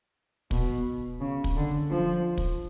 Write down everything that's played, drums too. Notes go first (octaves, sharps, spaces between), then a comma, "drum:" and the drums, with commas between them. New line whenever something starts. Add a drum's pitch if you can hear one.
B2, drum: kick
C#3
drum: kick
D3
F3
drum: kick